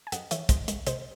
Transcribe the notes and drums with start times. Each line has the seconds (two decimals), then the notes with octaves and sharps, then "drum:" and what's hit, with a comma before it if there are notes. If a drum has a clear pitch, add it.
0.07 G#5
0.12 F#2 D#5 F#5, drum: hi-hat
0.31 E3 C#5 E5, drum: hi-hat
0.49 G#3 C5 D#5, drum: kick, hi-hat
0.68 G#3, drum: hi-hat
0.87 C3 C5 D#5, drum: hi-hat